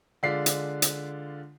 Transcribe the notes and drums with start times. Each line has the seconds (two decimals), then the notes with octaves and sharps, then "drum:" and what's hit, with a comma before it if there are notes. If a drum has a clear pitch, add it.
0.23 D3 G#3 F4 D5 B6 C7
0.46 drum: hi-hat
0.82 drum: hi-hat